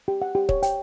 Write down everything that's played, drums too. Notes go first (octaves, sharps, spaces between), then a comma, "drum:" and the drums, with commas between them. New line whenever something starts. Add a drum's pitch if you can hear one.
G4
F#5
G4
C#5, drum: kick
G5, drum: hi-hat